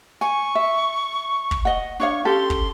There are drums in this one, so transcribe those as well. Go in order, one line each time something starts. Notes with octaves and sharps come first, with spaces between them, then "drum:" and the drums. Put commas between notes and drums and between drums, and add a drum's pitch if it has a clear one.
G#5 C#6
E5
drum: kick
D#5 F#5
D4 C#5 F5 C#6
C#4 G4 A4 C6
drum: kick